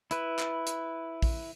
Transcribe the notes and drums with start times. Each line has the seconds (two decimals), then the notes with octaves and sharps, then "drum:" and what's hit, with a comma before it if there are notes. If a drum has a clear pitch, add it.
0.11 E4 B4, drum: hi-hat
0.39 drum: clap
0.67 drum: hi-hat
1.22 drum: kick A#1, open hi-hat